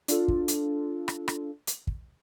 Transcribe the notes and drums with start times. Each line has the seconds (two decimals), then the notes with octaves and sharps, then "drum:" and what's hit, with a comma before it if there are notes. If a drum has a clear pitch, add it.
0.08 D4 F4 A4, drum: hi-hat
0.28 drum: kick
0.48 drum: hi-hat
1.08 drum: rim click
1.28 drum: rim click
1.67 drum: hi-hat
1.87 drum: kick